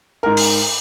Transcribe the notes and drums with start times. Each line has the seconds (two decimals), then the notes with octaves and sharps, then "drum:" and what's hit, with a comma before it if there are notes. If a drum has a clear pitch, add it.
0.23 G#2 A#4
0.37 drum: open hi-hat